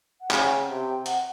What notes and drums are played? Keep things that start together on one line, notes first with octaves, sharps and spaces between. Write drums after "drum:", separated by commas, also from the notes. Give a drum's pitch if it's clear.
F#5
C#3 G5, drum: clap
F#5
G5
C3
F#5, drum: hi-hat